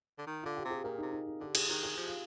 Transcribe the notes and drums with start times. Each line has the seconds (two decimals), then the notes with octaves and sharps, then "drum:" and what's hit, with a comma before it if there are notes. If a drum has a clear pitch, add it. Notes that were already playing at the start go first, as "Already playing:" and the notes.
0.18 D3
0.27 D#3
0.43 D3 F4
0.57 G4
0.65 C3
0.70 G#4
0.84 A#2 A#4
0.98 C3 D#4
1.12 D#4
1.26 D#4
1.40 D3 G4
1.55 G#4, drum: cymbal
1.69 D#3 G#4
1.83 G#4
1.95 F3 G4
2.07 F4